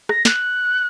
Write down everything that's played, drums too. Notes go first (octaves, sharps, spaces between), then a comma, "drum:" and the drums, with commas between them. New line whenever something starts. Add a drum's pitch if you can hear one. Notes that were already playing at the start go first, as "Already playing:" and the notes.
A#6, drum: rim click
F#6, drum: snare